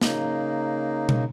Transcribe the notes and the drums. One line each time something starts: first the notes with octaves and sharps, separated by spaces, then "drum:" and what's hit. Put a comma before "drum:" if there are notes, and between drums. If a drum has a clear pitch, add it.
C#3 A#3 D#4, drum: snare
drum: tom B2